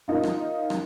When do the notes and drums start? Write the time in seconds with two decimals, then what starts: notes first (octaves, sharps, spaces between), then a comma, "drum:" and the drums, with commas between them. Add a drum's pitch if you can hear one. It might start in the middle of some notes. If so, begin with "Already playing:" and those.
0.08 A#3 D#4 F4
0.23 drum: rim click
0.70 drum: rim click